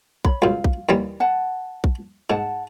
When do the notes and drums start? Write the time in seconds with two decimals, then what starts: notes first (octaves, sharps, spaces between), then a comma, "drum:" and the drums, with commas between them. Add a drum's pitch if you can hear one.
0.25 C#5 B5, drum: kick A#1
0.42 C#2 F#2 F5
0.64 drum: kick A#1
0.89 D#2 E3 G3
1.20 F#5 A5
1.84 drum: kick A#1
2.30 G#2 F#5 A5